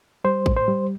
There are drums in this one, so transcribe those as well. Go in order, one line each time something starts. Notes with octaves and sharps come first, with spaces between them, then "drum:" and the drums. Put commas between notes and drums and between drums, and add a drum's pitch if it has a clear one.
G3 C5
A2, drum: kick
C5
G3